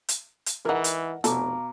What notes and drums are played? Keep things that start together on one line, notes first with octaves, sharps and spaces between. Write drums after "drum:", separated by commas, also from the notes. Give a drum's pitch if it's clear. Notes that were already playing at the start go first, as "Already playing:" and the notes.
drum: hi-hat
drum: hi-hat
E3 G#3 D#4 A#4 F#5
drum: hi-hat
F1 B2 A4 F5 A#5 D6, drum: hi-hat